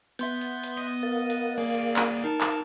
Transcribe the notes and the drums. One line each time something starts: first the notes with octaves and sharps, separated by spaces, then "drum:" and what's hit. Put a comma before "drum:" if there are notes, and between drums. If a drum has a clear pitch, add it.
B3 E5 C6 G6, drum: hi-hat
drum: hi-hat
drum: hi-hat
D#5
A#4 F5 A6
drum: hi-hat
D#2 A#3 G#4 D5
drum: hi-hat
drum: clap
D#4 A#4 A5
drum: clap